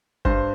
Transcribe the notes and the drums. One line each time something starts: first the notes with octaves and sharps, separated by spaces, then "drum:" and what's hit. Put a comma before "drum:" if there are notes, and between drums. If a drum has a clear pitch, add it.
G2 C5, drum: kick